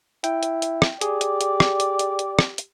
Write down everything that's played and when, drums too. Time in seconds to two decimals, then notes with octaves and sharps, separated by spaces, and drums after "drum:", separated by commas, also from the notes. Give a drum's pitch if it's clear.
0.24 E4 G5, drum: hi-hat
0.43 drum: hi-hat
0.62 drum: hi-hat
0.82 drum: rim click
1.01 G4 G#4 D5, drum: hi-hat
1.21 drum: hi-hat
1.41 drum: hi-hat
1.60 drum: rim click
1.80 drum: hi-hat
1.99 drum: hi-hat
2.19 drum: hi-hat
2.39 drum: rim click
2.58 drum: hi-hat